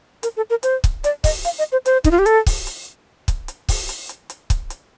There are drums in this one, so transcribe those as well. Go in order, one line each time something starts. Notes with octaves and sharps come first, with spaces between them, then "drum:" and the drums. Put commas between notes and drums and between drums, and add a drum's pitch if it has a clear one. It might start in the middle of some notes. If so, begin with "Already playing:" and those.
A#4, drum: hi-hat
A4
A#4
C5, drum: hi-hat
drum: kick, hi-hat
D5, drum: hi-hat
D#5, drum: kick, open hi-hat
F5, drum: hi-hat
D#5
C5
C5, drum: hi-hat
D#4, drum: kick, hi-hat
F4
G4
A4, drum: hi-hat
drum: kick, open hi-hat
drum: hi-hat
drum: kick, hi-hat
drum: hi-hat
drum: kick, open hi-hat
drum: hi-hat
drum: hi-hat
drum: hi-hat
drum: kick, hi-hat
drum: hi-hat